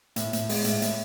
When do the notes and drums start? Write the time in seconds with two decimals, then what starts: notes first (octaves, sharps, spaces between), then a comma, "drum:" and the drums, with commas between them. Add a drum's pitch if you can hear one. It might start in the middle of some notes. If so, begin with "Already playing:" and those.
0.16 A2, drum: hi-hat
0.33 A2, drum: hi-hat
0.49 G#3, drum: open hi-hat
0.65 A2, drum: hi-hat
0.82 A2, drum: hi-hat